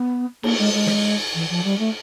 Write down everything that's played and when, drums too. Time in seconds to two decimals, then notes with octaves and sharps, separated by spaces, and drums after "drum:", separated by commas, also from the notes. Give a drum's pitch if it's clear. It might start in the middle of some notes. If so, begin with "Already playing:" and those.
Already playing: B3
0.43 A#3, drum: cymbal
0.59 G#3
0.73 G#3
0.87 drum: snare
1.35 E3
1.50 F3
1.64 G3
1.79 A3